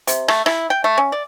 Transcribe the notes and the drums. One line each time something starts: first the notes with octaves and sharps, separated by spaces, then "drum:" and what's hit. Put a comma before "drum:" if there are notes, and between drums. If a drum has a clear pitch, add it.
C3, drum: hi-hat
A3, drum: rim click
E4, drum: rim click
G5
A3
C#4
D5